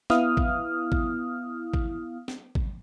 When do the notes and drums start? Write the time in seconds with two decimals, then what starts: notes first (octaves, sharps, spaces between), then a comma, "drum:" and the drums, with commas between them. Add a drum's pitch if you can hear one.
0.10 B3 E4 F5 D#6 F6, drum: snare
0.37 drum: kick
0.92 drum: kick
1.74 drum: kick
2.28 drum: snare
2.55 drum: kick